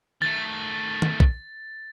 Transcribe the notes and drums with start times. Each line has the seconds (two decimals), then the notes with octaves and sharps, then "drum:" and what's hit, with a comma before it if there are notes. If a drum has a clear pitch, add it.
0.22 D#3 A3 A6
1.02 drum: tom
1.20 drum: kick